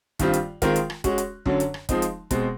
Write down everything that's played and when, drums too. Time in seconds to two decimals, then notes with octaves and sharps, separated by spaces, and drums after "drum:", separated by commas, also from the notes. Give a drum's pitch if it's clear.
0.19 G2 D#3 G3 C4 F4, drum: kick, hi-hat
0.34 drum: hi-hat
0.62 D#3 G#3 C4 F4 A#4, drum: kick, hi-hat
0.76 drum: hi-hat
0.90 drum: rim click
1.04 G#3 C#4 F#4, drum: kick, hi-hat
1.18 drum: hi-hat
1.46 F#2 D3 F#3, drum: kick
1.60 drum: hi-hat
1.74 drum: rim click
1.89 F3 G#3 C4 D#4, drum: kick, hi-hat
2.02 drum: hi-hat
2.31 B2 G#3 C4, drum: kick, hi-hat